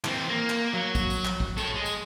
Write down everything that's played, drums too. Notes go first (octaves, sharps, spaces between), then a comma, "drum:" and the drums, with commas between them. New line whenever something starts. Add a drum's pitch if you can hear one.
E3 C4, drum: clap
A#3
drum: clap
F#3
drum: kick, tambourine
drum: tambourine
drum: clap
drum: kick
A4 C#5, drum: tambourine
G#3
drum: tambourine